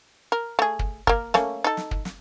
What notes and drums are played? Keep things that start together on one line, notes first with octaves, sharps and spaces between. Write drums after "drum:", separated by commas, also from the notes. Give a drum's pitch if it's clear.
A#4
A3 G#4
drum: kick
A#3 A#4, drum: kick
A3 A#3 C#4, drum: snare
D#4 A4
drum: snare
drum: kick
drum: snare